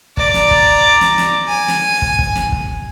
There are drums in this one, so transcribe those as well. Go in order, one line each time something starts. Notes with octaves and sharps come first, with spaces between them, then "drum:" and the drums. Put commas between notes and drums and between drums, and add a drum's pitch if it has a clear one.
D5 A#5, drum: kick
drum: snare
drum: kick
drum: snare
drum: snare
G#5
drum: snare
drum: kick
drum: kick
drum: snare
drum: kick